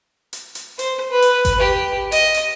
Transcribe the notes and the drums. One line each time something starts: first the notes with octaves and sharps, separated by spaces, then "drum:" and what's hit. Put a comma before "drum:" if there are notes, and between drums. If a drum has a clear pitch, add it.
drum: hi-hat
drum: hi-hat
C5, drum: hi-hat
B4
drum: hi-hat
drum: kick G#1, hi-hat
G4
D#5, drum: hi-hat
drum: hi-hat